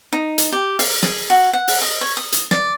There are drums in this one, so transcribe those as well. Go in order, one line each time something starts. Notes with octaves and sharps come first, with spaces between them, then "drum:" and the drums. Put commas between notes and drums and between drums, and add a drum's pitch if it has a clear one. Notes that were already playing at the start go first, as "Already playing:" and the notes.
D#4
drum: hi-hat
G4
F5, drum: open hi-hat
G#4, drum: snare
F#4
F#5
drum: open hi-hat
D#5
C#5
D#6
drum: hi-hat
D5, drum: snare